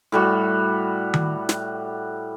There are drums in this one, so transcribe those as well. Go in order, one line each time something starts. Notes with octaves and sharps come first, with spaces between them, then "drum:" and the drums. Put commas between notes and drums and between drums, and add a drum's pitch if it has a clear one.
A2 G3 F#4
drum: tom D#3
drum: snare